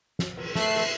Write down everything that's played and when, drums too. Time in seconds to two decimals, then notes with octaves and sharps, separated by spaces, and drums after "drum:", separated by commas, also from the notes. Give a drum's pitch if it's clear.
0.19 drum: snare
0.37 drum: cymbal
0.55 A3 E5 F#6 C7, drum: snare
0.73 drum: cymbal